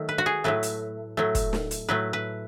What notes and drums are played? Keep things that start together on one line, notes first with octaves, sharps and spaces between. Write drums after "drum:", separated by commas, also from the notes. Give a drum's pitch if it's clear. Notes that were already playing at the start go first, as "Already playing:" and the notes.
Already playing: D#3 F#3 A3
B4
F#4
G#4
A2 F#3 A3 B4
drum: hi-hat
A2 F#3 A3
drum: kick, hi-hat
drum: snare
drum: hi-hat
A2 F#3 A3 B4
B4